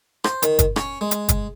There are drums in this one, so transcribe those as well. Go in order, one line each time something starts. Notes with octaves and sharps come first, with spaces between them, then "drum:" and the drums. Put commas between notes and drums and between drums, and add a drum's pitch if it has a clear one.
C5, drum: rim click
D#3, drum: hi-hat
drum: kick, hi-hat
C#4, drum: rim click
G#3
drum: hi-hat
drum: kick, hi-hat